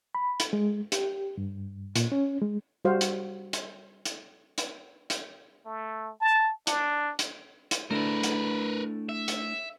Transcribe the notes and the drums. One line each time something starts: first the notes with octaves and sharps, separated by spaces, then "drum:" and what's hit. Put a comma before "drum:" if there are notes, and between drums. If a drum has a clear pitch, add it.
B5
drum: hi-hat
G#3
G4, drum: hi-hat
G2
A#2, drum: hi-hat
C#4
G#3
G3 F#4 C5 F5
drum: hi-hat
drum: hi-hat
drum: hi-hat
drum: hi-hat
drum: hi-hat
A3
A5
D4, drum: hi-hat
drum: hi-hat
drum: hi-hat
A3 D4 E4 A#4 B4
drum: hi-hat
E5
drum: hi-hat